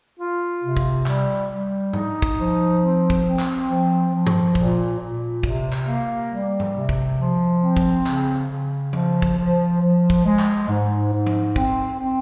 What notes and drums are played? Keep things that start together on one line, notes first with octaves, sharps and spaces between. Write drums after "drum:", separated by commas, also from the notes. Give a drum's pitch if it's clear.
F4
C3
drum: kick
G3, drum: clap
G3
D#4, drum: tom G#2
drum: kick
F3
C4
drum: kick
C4
drum: clap
F3
F3
drum: tom G2
A#2, drum: kick
A#2
C3, drum: kick
drum: clap
A#3
G3
drum: tom G#2
C3
drum: kick
F3
C4
drum: kick
C#3, drum: clap
C#3
F3, drum: tom F3
drum: kick
F3
F3
drum: kick
G#3
drum: clap
G#2
G#2
drum: tom F3
C4, drum: kick
C4